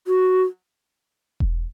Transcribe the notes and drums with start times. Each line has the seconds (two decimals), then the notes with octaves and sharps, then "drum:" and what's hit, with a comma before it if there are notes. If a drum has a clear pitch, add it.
0.07 F#4
1.40 drum: kick E1